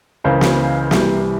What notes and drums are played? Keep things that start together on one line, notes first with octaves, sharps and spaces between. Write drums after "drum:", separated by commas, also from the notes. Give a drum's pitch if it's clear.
C#2 C#3 E3 A#4 C5
drum: snare
C2 C3 E3 G3, drum: snare